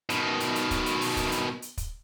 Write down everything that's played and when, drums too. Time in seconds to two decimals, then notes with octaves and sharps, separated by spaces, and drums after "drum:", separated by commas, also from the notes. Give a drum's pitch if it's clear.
0.10 B2 D#3, drum: hi-hat
0.40 drum: hi-hat
0.56 drum: hi-hat
0.71 drum: kick, hi-hat
0.86 drum: hi-hat
1.01 drum: open hi-hat
1.16 drum: kick, hi-hat
1.32 drum: hi-hat
1.62 drum: hi-hat
1.77 drum: kick, hi-hat